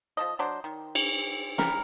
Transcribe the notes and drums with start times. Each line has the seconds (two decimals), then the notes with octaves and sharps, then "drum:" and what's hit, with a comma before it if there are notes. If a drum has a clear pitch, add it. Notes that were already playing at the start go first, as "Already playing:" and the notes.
0.17 F3 A4 D#5
0.39 F#3 D4 C5
0.64 D#3
0.95 drum: cymbal
1.58 E3 G3 A#4, drum: snare